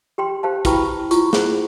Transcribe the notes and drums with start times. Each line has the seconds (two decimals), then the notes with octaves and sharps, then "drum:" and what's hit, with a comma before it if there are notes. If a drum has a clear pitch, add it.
0.18 G4 G5 C6
0.43 G4 C5 F5 A5
0.65 E4 F#4 B4 G5 B5 C#6, drum: kick, hi-hat
1.11 E4 F4 C#6, drum: hi-hat
1.33 G#4 C5 F#5, drum: snare